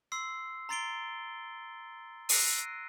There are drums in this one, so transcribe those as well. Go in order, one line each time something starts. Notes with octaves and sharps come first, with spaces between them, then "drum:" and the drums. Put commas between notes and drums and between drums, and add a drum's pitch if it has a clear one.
C6 E6 C7
A#5 C6 A6 C7 D7 G7
E6 F#6 A#6 C7 D7 D#7, drum: open hi-hat